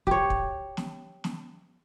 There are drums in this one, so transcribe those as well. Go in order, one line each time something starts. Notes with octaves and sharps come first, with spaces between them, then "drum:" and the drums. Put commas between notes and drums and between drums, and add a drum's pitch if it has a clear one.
G4 C#5, drum: kick
drum: kick
drum: snare
drum: snare